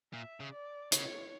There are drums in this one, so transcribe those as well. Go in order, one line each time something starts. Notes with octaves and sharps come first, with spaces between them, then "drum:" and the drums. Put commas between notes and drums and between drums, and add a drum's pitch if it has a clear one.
A#2 E5
C#3
D5
C#3 C#5, drum: hi-hat